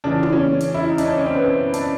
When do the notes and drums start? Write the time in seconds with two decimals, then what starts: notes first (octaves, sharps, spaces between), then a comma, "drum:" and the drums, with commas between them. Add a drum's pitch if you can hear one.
0.04 C#3 E3 D4
0.23 drum: tom
0.33 C#4
0.61 C#4, drum: hi-hat
0.74 E4
0.89 D#4
0.98 D4, drum: hi-hat
1.03 C#4
1.17 C#4
1.26 C4
1.35 B3
1.44 C4
1.74 D4, drum: hi-hat